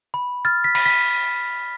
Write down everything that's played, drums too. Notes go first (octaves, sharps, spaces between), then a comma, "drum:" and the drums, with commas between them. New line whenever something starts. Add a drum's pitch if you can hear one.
B5
F6 A6
B6
B5, drum: cymbal
B6